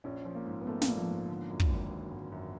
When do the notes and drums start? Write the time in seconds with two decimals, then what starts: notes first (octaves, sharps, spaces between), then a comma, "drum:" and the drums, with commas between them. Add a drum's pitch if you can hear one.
0.04 A#1 C#4
0.25 F3
0.35 A#3
0.46 G#2
0.61 B3
0.67 A3 A#3
0.82 A#3, drum: snare
0.88 A#1
0.98 F3
1.07 G#2
1.28 D3
1.50 F#2
1.60 drum: kick
1.70 G#1
1.91 F#3
2.11 G#1
2.32 F#2